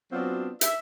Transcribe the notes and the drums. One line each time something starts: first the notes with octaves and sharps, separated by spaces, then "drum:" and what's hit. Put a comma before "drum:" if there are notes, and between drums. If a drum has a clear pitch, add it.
F#3 B3 C4 D4 F4 F#4
E5, drum: hi-hat